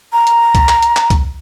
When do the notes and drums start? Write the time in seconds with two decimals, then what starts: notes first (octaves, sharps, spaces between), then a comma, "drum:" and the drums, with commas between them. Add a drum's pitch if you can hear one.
0.13 A#5
0.27 drum: hi-hat
0.55 drum: kick, hi-hat
0.69 drum: clap
0.83 drum: hi-hat
0.96 drum: clap
1.10 drum: kick, hi-hat